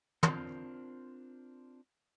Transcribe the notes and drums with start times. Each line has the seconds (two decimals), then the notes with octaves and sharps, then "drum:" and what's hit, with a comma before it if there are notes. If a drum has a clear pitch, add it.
0.23 C4 D4 F4 G4 A#4 C5, drum: tom